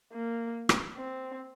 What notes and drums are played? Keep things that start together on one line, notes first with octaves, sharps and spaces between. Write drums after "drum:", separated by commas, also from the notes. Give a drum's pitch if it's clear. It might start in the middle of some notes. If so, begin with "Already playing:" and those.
A#3
drum: rim click
C4